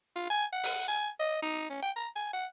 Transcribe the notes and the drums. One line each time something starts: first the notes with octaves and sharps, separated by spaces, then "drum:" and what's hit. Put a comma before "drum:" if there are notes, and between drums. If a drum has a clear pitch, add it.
F4
G#5
F#5
drum: open hi-hat
G#5
D#5
D#4
C#4
G5
A#5
G#5
F#5